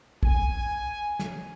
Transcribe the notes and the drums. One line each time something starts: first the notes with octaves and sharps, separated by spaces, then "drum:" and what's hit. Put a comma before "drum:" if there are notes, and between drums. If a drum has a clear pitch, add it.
G#5, drum: kick
drum: snare